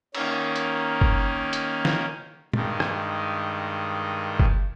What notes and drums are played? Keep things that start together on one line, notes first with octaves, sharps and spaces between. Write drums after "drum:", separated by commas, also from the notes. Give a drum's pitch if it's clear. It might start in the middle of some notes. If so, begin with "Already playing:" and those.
D#3 A#3 C#4, drum: cymbal
drum: hi-hat
drum: kick F#1
drum: hi-hat
drum: snare
G2 D#3 G#3, drum: tom
drum: rim click
drum: kick F#1